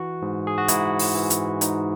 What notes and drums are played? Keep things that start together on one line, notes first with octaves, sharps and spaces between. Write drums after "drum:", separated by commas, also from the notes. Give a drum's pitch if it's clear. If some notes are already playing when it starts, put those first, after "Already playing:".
Already playing: E3 F#4
G#2
G#4
F#4
G#2 E4, drum: hi-hat
drum: open hi-hat
E3
drum: hi-hat
G#2 D#4, drum: hi-hat